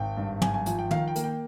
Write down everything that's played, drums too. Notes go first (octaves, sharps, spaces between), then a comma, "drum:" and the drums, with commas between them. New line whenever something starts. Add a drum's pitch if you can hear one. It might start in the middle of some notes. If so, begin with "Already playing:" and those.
Already playing: G#1 G5
G2
G#1 G#5, drum: tom
G#5
F3 G#5, drum: hi-hat
G5
D#3 F5, drum: tom
G5
A#3, drum: hi-hat
G5